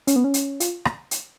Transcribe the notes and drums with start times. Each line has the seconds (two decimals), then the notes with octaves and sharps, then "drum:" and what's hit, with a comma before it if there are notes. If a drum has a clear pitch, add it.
0.07 C#4, drum: hi-hat
0.16 B3
0.24 C#4
0.34 drum: hi-hat
0.60 F4, drum: hi-hat
0.85 drum: rim click
1.11 drum: hi-hat